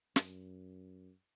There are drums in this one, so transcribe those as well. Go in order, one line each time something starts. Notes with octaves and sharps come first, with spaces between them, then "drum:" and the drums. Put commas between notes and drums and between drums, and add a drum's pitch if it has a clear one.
F#2, drum: snare